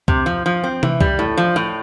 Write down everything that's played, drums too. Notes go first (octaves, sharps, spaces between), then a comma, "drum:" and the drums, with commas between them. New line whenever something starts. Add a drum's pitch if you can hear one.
C3, drum: kick C2
F3
F3
C4
E3, drum: tom C3
G3, drum: kick C2
A2
F3
A2